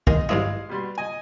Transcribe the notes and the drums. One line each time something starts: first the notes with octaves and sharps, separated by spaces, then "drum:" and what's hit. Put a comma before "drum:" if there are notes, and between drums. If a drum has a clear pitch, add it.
D#3 G#3 D#5, drum: kick
A1 G#2 G#3 E4 F5 D#6
B2 G3 C6
D#5 G#5